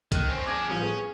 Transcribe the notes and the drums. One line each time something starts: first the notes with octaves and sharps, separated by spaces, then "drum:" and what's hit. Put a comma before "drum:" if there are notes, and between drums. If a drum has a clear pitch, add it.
D#3 F6 F#6, drum: kick C2, hi-hat
C4 C#4
D4 G#4 D6 G#6 A#6
A1 F3 G3 C#4
B3 G#4